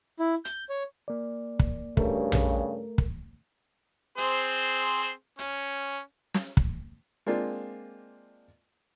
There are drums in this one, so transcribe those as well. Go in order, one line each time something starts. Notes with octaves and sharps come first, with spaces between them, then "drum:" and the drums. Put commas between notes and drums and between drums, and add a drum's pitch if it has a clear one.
E4
G6, drum: hi-hat
C#5
A#3 D5
drum: kick
G2 C#3 A3 A#4, drum: kick
drum: tom A#1
drum: kick
C4 G#4 C5, drum: hi-hat
C#4, drum: hi-hat
drum: snare
drum: kick
G#3 A#3 C4 D4 F4